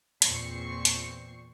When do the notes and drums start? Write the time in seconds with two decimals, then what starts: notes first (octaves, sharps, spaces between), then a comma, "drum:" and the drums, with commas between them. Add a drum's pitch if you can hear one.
0.22 E2 A#2 C4 C#6 C7, drum: hi-hat
0.85 drum: hi-hat